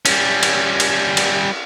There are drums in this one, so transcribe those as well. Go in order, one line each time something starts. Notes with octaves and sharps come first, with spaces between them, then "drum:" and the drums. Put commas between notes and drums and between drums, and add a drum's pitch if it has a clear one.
G3 C#4, drum: cymbal
drum: cymbal
drum: cymbal
drum: cymbal